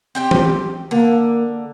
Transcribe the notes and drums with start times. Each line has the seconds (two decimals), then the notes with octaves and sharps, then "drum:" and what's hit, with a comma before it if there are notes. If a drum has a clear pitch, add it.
0.15 C4 G4 G5
0.31 drum: tom E3
0.91 D3 A#3